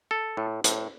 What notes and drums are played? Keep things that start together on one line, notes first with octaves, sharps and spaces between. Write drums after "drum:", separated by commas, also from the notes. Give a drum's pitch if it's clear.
A4
A2
A2, drum: hi-hat